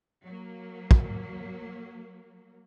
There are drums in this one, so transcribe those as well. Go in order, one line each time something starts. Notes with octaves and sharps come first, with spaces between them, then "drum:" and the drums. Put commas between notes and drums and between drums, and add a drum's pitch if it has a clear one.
F#3 A#3
drum: kick